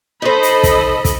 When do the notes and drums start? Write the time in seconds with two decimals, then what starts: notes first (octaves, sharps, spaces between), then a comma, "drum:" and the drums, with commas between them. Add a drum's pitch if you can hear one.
0.22 D#4 A4 C5 D#5 B5
0.43 drum: hi-hat
0.63 drum: kick, hi-hat
1.05 drum: kick, hi-hat